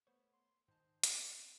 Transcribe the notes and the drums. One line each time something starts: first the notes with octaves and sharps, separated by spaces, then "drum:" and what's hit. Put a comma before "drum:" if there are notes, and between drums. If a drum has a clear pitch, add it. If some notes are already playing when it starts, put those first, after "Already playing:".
A3 B3 C5 C#5
C6
G#2 D#3 D#4 C5 A5
A#4, drum: hi-hat
C4 D4 F#5